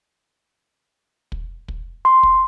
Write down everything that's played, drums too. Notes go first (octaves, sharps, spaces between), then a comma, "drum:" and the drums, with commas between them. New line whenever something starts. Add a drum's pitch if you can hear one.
drum: kick
drum: kick
C6
drum: kick